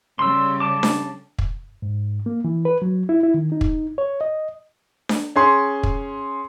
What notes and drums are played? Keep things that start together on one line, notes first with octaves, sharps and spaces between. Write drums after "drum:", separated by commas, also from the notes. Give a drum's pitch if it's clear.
C#3 G3 C6 E6
A5 D6
drum: snare D4
drum: kick
G#2
A#3
E3
B4
F#3
E4
E4
D#3
D#4
drum: kick
C#5
D#5
drum: snare D4
C#4 G#4 C6
drum: kick